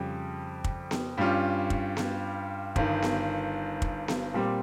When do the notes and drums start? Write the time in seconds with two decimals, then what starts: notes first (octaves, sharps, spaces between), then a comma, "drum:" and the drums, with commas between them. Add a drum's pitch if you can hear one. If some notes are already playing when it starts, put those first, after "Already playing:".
Already playing: F2 C#3 G3
0.64 drum: kick
0.91 drum: snare B3
1.18 G2 G3 C#4 F4
1.70 drum: kick
1.97 drum: snare B3
2.76 G1 G2 D#3, drum: kick
3.02 drum: snare B3
3.82 drum: kick
4.08 drum: snare B3
4.34 A#2 G3 C4 G4